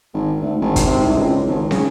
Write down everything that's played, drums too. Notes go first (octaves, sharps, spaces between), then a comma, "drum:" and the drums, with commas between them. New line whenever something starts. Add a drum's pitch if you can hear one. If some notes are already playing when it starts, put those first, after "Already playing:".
G#1
D2
G#1
drum: kick, hi-hat
C3
C2
C#2
G#1
C#3, drum: snare